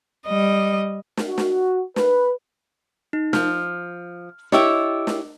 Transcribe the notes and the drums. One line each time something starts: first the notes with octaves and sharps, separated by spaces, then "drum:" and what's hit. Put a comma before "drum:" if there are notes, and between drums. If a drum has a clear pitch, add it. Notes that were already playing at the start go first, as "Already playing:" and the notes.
G3 D#5
drum: snare
F#4
drum: snare
B4, drum: snare
D#4
F3 F6, drum: snare
E4 G4 C#5 D#5 D6 E6, drum: snare
drum: snare